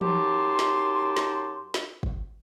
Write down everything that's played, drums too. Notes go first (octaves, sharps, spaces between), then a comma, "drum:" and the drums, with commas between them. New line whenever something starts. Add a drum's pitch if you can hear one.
F#2 D#4 G4 A5 C6, drum: tom E3
drum: snare
drum: snare
drum: snare
drum: kick